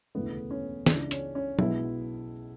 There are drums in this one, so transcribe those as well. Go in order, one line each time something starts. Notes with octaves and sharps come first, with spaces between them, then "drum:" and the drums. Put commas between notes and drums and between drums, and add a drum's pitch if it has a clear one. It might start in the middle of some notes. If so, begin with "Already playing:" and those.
E1 D2 C#3 E3 A3 B3
C#4
C#2 C#3 E3 D4, drum: snare
C#4, drum: hi-hat
C#4
B1 B2 G#3 B3 E4, drum: tom F#3